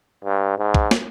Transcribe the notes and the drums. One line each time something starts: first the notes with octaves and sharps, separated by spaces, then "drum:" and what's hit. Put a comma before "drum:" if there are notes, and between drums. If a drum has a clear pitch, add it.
G2
G#2
drum: kick
drum: snare